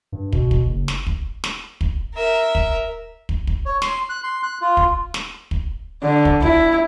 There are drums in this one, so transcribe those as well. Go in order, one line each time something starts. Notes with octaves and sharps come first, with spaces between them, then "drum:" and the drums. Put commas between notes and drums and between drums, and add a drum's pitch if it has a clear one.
G2
B2, drum: kick
drum: kick
F#1
drum: snare
drum: kick
drum: snare
drum: kick
A#4 E5
drum: kick
drum: kick
drum: kick
C#5
C6, drum: snare
F#6
C6
F#6
F4
drum: kick
drum: snare
drum: kick
D3
drum: kick
E4, drum: kick